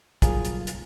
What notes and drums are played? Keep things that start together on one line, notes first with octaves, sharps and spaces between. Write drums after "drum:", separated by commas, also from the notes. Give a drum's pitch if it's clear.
F#1 B1 F#3 G3 F4 G#4 A#4, drum: kick, hi-hat
drum: hi-hat
drum: hi-hat